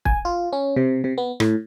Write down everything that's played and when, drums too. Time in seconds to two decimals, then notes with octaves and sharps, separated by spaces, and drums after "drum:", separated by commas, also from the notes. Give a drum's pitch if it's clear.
0.05 G#5, drum: kick
0.25 F4
0.53 C#4
0.76 C3
1.04 C3
1.18 B3
1.40 A2, drum: rim click